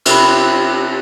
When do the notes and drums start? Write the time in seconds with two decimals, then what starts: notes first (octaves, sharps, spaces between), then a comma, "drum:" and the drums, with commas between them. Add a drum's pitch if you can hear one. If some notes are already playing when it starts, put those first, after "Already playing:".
0.06 C3 E4, drum: cymbal